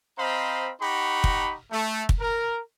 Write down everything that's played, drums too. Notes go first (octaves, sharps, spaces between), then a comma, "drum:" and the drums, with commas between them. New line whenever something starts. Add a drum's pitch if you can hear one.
C4 C5 D#5 F5 A#5 B5
D#4 G4 F#5 A#5 B5 C#6
drum: kick
A3
drum: kick
A#4